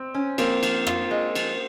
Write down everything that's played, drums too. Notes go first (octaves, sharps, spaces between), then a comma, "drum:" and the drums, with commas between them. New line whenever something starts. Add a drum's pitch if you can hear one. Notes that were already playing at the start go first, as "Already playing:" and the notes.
Already playing: C4
C#4
F3 A#3 C4, drum: cymbal
F3, drum: cymbal
F4, drum: rim click
G#3
F3, drum: cymbal